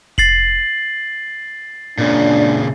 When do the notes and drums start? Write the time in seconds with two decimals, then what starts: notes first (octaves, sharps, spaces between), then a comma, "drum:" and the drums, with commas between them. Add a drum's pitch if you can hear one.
0.18 A6 C7 F#7, drum: kick F1
1.98 A#2 C#3 D4